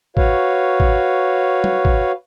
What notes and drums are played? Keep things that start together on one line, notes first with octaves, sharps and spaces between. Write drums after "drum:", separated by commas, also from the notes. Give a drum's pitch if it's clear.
F#4 B4 C#5 F5, drum: kick
drum: kick
drum: tom
drum: kick